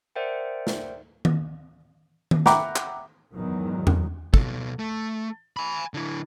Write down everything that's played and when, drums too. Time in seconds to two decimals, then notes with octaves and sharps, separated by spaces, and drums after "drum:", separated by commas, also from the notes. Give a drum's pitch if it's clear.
0.16 A#4 C5 D5 E5 F#5 G5
0.67 drum: snare
1.25 drum: tom D#3
2.31 drum: tom D#3
2.46 E5 F#5 G5 A#5 B5 D6, drum: snare
2.76 drum: clap
3.35 E2 G#2 D#3 F#3
3.87 drum: tom E2
4.34 B2 A4, drum: kick
4.79 A3
5.57 G#5 B5
5.94 D3 E4